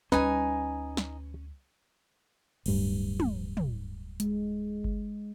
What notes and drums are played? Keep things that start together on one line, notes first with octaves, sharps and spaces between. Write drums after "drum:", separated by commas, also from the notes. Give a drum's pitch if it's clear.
D2 G3 C#4 D#4 B4 G#5, drum: snare
drum: snare
D1 G2, drum: cymbal
drum: tom
drum: tom
G#3, drum: hi-hat
drum: kick G1